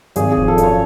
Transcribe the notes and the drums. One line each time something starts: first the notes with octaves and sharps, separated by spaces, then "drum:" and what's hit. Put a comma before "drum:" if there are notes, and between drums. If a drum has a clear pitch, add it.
G#1 G#4, drum: hi-hat
G#4
F3, drum: kick E1
A4
F#2, drum: hi-hat
C#5